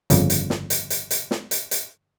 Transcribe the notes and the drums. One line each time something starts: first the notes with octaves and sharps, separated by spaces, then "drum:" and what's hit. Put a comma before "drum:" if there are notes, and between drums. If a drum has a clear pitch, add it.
G1 F2 C#3, drum: hi-hat
drum: hi-hat
drum: snare
drum: hi-hat
drum: hi-hat
drum: hi-hat
drum: snare
drum: hi-hat
drum: hi-hat